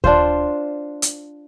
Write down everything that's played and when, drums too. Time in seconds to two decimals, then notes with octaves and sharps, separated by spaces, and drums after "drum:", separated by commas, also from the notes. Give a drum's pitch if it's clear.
0.04 D4 F4 C5, drum: kick D2
1.02 drum: hi-hat